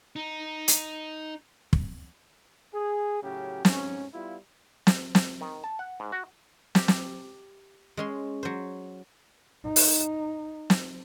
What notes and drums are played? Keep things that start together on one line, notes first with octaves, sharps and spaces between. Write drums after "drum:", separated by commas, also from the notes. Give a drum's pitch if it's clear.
D#4
drum: hi-hat
drum: kick
G#4
A2 C#3 F#3 C#4 G4
G#2 C#4, drum: snare
G3 B3 E4 F4
drum: snare
drum: snare
D#3
A5
F#5
G#2
F#4
G4, drum: snare
drum: snare
G#3 C#4 C6
F#3 C5
D#4
drum: open hi-hat
drum: snare